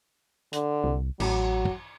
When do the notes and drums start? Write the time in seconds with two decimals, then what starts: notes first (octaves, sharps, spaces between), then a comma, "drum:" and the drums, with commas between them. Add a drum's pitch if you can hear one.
0.53 D3, drum: hi-hat
0.84 C2
1.20 A1 F#3, drum: cymbal
1.65 drum: kick